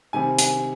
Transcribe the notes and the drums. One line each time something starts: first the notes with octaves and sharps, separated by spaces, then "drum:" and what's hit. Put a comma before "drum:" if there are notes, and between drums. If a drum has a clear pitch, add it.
C3 D#3 G3 C4 G#5
G#5, drum: hi-hat